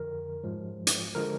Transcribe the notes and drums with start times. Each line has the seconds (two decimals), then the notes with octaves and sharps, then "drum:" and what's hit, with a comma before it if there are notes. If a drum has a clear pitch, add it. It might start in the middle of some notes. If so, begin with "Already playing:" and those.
Already playing: F2 D3 F3 A#4
0.44 G#2 F3 G#3
0.87 drum: hi-hat
1.15 D3 F3 G#3 A#4